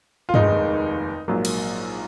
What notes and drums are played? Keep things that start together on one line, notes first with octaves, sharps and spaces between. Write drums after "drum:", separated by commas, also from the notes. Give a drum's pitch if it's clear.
F4
F1 D#2 D#3 G#3 D#4, drum: tom G2
A#1 G#2 F#3 A#3
drum: cymbal